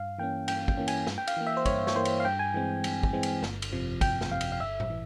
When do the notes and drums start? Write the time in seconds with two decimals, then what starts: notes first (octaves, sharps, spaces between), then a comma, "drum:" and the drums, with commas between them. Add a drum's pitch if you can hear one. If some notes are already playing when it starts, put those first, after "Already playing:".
Already playing: G2 F5
0.18 E3 A#3 C#4 G5
0.48 G2 G5, drum: cymbal
0.68 G5, drum: kick
0.77 E3 A#3 C#4
0.88 G#5, drum: cymbal
1.07 G2, drum: snare
1.18 G5
1.27 F5, drum: cymbal
1.37 E3 A#3
1.47 E5
1.57 C5
1.66 G2 C#5, drum: kick, cymbal
1.87 C#5, drum: snare
1.95 E3 A#3 C5
2.05 drum: cymbal
2.20 F5
2.25 G2 G5
2.39 G#5
2.54 E3 G#3 C4
2.84 G2, drum: cymbal
3.03 drum: kick
3.13 E3 G#3 C4
3.23 drum: cymbal
3.43 G1, drum: snare
3.62 drum: cymbal
3.72 F2 C3 F3
4.01 G1 G5, drum: kick, cymbal
4.21 drum: snare
4.31 F2 C3 F3 F5
4.41 drum: cymbal
4.52 F5
4.60 G1 E5
4.80 drum: tom A2
4.90 E3